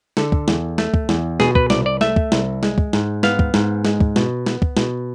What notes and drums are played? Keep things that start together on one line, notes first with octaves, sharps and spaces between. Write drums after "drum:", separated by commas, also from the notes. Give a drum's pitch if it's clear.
D3 A4, drum: snare
drum: kick
E2, drum: snare
A3, drum: snare
drum: kick
E2, drum: snare
B2 G#4, drum: snare
B4, drum: kick
C2 D5, drum: snare
D5
A3 E5, drum: snare
drum: kick
C2, drum: snare
G#3, drum: snare
drum: kick
G#2, drum: snare
B3 F5, drum: snare
drum: kick
G#2, drum: snare
G#3, drum: snare
drum: kick
B2, drum: snare
B3, drum: snare
drum: kick
B2, drum: snare